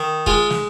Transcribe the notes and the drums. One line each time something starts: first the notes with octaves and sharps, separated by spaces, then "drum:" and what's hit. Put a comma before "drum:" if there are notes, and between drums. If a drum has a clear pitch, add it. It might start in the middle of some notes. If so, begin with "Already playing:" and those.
Already playing: D#3
G#3 F4, drum: kick
drum: snare